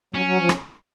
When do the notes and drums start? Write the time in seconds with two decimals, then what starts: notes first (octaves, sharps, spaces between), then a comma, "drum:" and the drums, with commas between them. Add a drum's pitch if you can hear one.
0.14 F#3 C#4
0.26 F#3
0.38 F3
0.49 drum: rim click